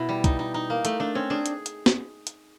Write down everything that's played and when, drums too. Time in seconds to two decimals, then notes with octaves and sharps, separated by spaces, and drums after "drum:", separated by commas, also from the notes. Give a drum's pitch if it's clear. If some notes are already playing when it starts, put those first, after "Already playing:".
Already playing: B2 E4
0.09 G3
0.24 D#4, drum: kick C2, hi-hat
0.39 D#4
0.54 D#4
0.70 A#3
0.85 A3, drum: hi-hat
1.00 A3 D4
1.15 C4 C#4
1.30 D4 G#4
1.46 drum: hi-hat
1.66 drum: hi-hat
1.86 drum: snare
2.27 drum: hi-hat